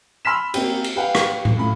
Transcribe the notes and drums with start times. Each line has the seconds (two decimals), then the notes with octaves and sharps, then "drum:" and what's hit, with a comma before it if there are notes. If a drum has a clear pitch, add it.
0.25 B5 C6 E6 F6 B6 E7
0.54 A#3 C4 F#4 G4, drum: cymbal
0.84 drum: cymbal
0.96 G4 B4 F5 F#5
1.15 drum: rim click
1.45 drum: tom A2
1.57 A2 C#3 F4 B5